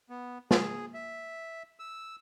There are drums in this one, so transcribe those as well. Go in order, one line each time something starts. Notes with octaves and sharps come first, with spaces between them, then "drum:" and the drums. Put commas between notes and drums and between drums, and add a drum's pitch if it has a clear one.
B3
G#4, drum: snare
E5
E6